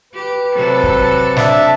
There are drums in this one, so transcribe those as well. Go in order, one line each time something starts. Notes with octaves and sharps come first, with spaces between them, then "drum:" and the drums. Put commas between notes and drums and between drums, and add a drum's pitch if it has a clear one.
G4 B4
C3 F#3 A4
drum: kick
D4 E5 A5, drum: snare